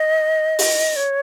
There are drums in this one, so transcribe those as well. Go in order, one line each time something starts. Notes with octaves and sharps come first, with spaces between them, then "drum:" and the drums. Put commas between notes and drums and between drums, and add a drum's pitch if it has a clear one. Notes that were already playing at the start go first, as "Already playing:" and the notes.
Already playing: D#5
drum: open hi-hat
C#5